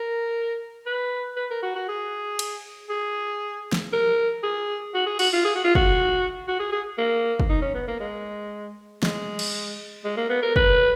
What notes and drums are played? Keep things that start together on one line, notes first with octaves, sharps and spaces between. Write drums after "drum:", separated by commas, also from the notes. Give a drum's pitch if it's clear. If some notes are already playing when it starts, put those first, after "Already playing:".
Already playing: A#4
B4
B4
A#4
F#4
F#4
G#4
drum: cymbal
G#4
drum: snare
A#4
G#4
F#4
G#4
F#4, drum: cymbal
F4
G#4
F#4
F4
F#4, drum: kick
F#4
G#4
G#4
A#3
drum: kick
D#4
C#4
B3
A#3
G#3
G#3, drum: snare
drum: cymbal
G#3
A#3
B3
A#4
B4, drum: kick